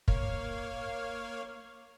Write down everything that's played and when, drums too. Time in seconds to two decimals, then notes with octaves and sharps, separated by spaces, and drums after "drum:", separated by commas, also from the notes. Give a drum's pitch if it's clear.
0.08 A#3 C#5 F5, drum: kick